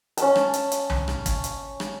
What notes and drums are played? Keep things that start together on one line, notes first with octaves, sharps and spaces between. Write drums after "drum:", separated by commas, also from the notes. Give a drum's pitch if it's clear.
C#4 A5, drum: hi-hat
drum: rim click
drum: hi-hat
drum: hi-hat
drum: tom C2
drum: rim click
drum: kick, hi-hat
drum: hi-hat
drum: rim click